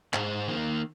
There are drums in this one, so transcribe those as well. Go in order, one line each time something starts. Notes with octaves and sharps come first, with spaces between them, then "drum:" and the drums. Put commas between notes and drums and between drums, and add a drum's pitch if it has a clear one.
G#2 G#4 C5, drum: clap
D#3 A#3